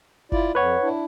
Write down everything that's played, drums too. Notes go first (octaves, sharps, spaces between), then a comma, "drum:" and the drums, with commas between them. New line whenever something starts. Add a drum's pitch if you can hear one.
E4 F4 D5, drum: kick F#1
F2 B4 C#5 F#5
D4 E4